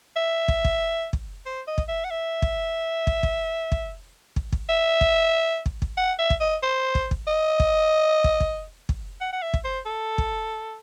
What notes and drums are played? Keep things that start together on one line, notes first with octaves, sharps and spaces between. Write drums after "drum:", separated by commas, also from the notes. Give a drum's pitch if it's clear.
E5
drum: kick
drum: kick
drum: kick
C5
D#5
drum: kick
E5
F#5
E5
drum: kick
drum: kick
drum: kick
drum: kick
drum: kick
drum: kick
E5
drum: kick
drum: kick
drum: kick
F#5
E5
drum: kick
D#5
C5
drum: kick
drum: kick
D#5
drum: kick
drum: kick
drum: kick
drum: kick
F#5
F#5
E5
drum: kick
C5
A4
drum: kick